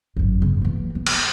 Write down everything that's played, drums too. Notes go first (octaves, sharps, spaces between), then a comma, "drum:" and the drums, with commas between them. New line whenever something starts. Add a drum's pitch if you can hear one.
G#1 F#2
C#3 B3
E3 A#3
B3
drum: cymbal